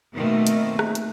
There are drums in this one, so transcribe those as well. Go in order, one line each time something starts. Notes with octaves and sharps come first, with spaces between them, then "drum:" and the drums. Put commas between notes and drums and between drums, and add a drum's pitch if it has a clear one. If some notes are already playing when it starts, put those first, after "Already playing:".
B2 D#3 A3 A#3 C4
drum: hi-hat
drum: rim click
drum: hi-hat